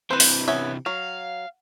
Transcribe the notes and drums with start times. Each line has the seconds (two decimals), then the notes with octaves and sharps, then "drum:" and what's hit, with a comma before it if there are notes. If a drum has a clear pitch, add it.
0.11 C3 E3 B4 C5
0.20 drum: open hi-hat
0.48 B3 C#4 E5
0.86 F#3 F5